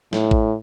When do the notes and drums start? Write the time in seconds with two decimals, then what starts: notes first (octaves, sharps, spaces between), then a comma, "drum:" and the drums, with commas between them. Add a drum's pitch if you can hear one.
0.13 A2, drum: snare
0.31 drum: kick A1